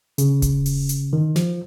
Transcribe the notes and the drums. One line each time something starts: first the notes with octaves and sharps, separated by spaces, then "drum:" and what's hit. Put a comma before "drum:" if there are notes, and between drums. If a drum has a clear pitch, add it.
C#3, drum: hi-hat
drum: kick D#1, hi-hat
drum: open hi-hat
drum: hi-hat
D#3
F3, drum: snare